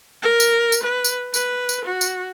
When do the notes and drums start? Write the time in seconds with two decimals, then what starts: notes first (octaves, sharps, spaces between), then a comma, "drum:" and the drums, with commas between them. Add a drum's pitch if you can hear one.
0.22 A#4
0.40 drum: tambourine
0.72 drum: tambourine
0.83 B4
1.04 drum: tambourine
1.34 B4, drum: tambourine
1.69 drum: tambourine
1.85 F#4
2.01 drum: tambourine